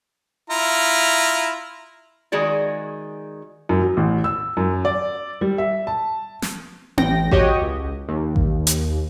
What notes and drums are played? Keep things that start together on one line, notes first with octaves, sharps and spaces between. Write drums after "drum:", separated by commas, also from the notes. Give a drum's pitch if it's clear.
E4 F4 A#5
D#3 G#3 F#4 G#4 D5
F#2
F#3
A1
E6
F#2
D5
G3
E5
A5
drum: snare
A1 G5 A#6, drum: tom B3
F#4 G4 C#5 D#5, drum: kick A1
C#2
D#2
drum: kick A1
drum: hi-hat